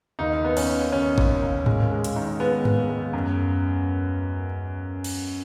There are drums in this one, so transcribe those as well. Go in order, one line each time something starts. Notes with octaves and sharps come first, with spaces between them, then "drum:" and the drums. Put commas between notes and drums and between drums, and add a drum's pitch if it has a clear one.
D#2 D#4
D#2 B3
C#4, drum: cymbal
D#3
D#2 C#4
D#2, drum: kick G#1
D#2
G#3, drum: tom G#2
G#3
drum: hi-hat
D#3
G#3 B3
G#3, drum: tom G2
G#3
F#2
drum: cymbal